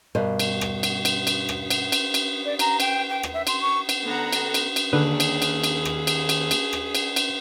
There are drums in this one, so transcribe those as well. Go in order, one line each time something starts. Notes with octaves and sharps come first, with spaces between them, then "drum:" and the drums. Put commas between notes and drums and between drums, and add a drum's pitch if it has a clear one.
G2 B2 G3 A#4 C5
drum: cymbal
drum: rim click
drum: cymbal
drum: cymbal
drum: cymbal
drum: rim click
drum: cymbal
drum: cymbal
drum: cymbal
D5
A#5, drum: cymbal
G5, drum: cymbal
G5
drum: rim click
E5
C6, drum: cymbal
C#6
drum: cymbal
D3 B3 A4 F#5 A#5
drum: cymbal
drum: cymbal
drum: cymbal
D#2 D3 D4 G#4 B4
drum: cymbal
drum: cymbal
drum: cymbal
drum: rim click
drum: cymbal
drum: cymbal
drum: cymbal
drum: rim click
drum: cymbal
drum: cymbal